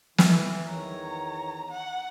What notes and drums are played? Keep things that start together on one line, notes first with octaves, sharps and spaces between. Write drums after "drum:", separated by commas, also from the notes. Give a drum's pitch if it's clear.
E3, drum: snare
E2 D#3 C#5 A#5
F#5